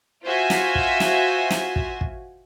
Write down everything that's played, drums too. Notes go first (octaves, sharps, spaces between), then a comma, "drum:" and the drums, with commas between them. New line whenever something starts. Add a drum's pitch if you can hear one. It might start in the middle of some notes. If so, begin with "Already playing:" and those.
F4 F#4 C5 E5 G#5
drum: snare
drum: kick
drum: snare
drum: snare
drum: kick
drum: kick